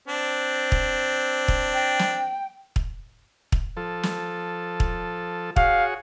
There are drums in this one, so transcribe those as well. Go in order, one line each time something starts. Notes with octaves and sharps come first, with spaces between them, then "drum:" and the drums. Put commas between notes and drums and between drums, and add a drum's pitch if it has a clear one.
C4 D4
drum: kick
drum: kick
G5
drum: snare
drum: kick
drum: kick
F3 A4
drum: snare
drum: kick
F#4 G#4 C#5 F5, drum: kick